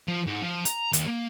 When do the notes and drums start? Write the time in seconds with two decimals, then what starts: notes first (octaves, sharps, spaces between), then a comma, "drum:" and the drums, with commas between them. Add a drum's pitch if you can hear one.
0.08 F3
0.27 G#2
0.42 F3
0.65 A#5, drum: hi-hat
0.93 D#2, drum: hi-hat
1.08 A#3